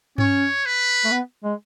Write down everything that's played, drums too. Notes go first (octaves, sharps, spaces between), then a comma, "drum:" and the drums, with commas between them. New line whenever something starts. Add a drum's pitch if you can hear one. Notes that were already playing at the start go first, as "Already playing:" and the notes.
C#4 C#5, drum: tom G2
B4
A3
B3
G#3